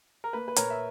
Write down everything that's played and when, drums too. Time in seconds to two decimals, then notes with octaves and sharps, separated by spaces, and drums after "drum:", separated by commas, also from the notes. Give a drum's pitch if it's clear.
0.24 A#4
0.33 A#3 B4
0.48 B4
0.56 A#2 A#4 C#5, drum: hi-hat
0.70 E5